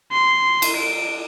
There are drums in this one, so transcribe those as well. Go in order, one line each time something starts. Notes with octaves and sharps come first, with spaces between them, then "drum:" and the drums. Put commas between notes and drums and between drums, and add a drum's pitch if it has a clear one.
C6
drum: cymbal
D7